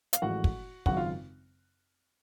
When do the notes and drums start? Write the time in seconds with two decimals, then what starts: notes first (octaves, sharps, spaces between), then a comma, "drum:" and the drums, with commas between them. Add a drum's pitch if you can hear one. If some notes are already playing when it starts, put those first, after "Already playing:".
0.13 F5, drum: hi-hat
0.22 A1 A2 F3 G#3 F#4 F#5
0.44 drum: kick
0.86 G#1 F#2 C#3 F#4 F#5, drum: kick
0.97 F4 F5